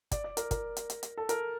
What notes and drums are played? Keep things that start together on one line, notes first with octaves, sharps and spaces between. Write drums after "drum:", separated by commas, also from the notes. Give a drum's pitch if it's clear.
D5, drum: kick, hi-hat
D5
A#4, drum: hi-hat
A#4, drum: kick, hi-hat
drum: hi-hat
drum: hi-hat
drum: hi-hat
A4
A#4, drum: hi-hat